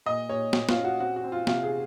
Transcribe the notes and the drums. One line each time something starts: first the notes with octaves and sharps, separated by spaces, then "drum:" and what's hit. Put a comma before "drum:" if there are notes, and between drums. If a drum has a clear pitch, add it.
A#2 D#5
A#2 C#5
A#2, drum: snare
F4, drum: snare
C#4
F#4
C4 F#4
F#4
C4
F4
C3 F4, drum: snare
G#4